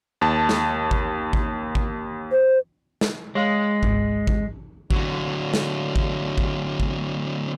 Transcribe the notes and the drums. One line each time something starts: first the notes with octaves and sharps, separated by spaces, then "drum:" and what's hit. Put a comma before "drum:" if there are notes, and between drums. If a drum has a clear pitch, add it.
D#2 A5
drum: snare
drum: kick G#1
drum: kick G#1
drum: kick G#1
C5
drum: snare
G#3 C#5 F5
G#1 C#2 G#2, drum: kick G#1
drum: kick G#1
D3 F#3, drum: kick G#1
drum: snare
drum: kick G#1
drum: kick G#1
drum: kick G#1